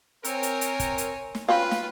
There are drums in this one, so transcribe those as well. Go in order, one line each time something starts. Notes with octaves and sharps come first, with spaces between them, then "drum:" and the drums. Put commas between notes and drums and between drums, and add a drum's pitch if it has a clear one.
C4 A#4 C#5 G#5, drum: hi-hat
drum: hi-hat
drum: hi-hat
drum: kick, hi-hat
drum: hi-hat
drum: snare
C4 C#4 F4 B4 F5
drum: snare